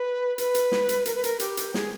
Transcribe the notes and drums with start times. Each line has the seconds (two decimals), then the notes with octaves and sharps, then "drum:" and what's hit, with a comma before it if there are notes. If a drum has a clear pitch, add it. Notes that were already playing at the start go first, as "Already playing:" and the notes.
Already playing: B4
0.38 B4, drum: hi-hat
0.55 drum: hi-hat
0.72 drum: snare
0.89 drum: hi-hat
1.05 A#4, drum: hi-hat
1.15 B4
1.24 A#4, drum: hi-hat
1.39 G4, drum: hi-hat
1.57 drum: hi-hat
1.74 G#4, drum: snare